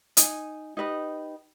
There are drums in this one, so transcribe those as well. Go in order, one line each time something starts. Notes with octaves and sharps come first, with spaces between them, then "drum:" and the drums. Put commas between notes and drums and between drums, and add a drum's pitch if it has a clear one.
D#4 G#5, drum: hi-hat
D#4 G4 B4 D#5